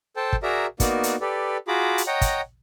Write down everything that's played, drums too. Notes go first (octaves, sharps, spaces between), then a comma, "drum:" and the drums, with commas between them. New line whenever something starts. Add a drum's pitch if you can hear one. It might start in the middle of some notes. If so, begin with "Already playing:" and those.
A4 C5 G5 A5
drum: kick
F#4 G#4 A#4 D5 E5 A#5
A#3 B3 D#4 F#4 D5, drum: kick, hi-hat
drum: hi-hat
G4 A4 B4 D5
F4 F#4 G#4 A#5 B5 D6
drum: hi-hat
C#5 D#5 F#5 G5 A#5
drum: kick, hi-hat